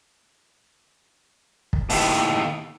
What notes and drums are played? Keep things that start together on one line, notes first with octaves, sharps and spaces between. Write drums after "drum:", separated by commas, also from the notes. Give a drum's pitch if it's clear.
drum: kick
D#2 A2, drum: open hi-hat